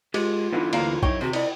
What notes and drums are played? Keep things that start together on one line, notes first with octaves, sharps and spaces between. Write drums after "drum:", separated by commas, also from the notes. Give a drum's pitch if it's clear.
G#3 F4 G4, drum: cymbal
G2 D3 E3 B3 D4 D#4
D2 A#3 D5 F5 A#5, drum: cymbal
F#2 D#4 E4 C#5 G5, drum: kick
D#2 C3 F#4 G#4 C5
E4 F4 D5 D#5, drum: cymbal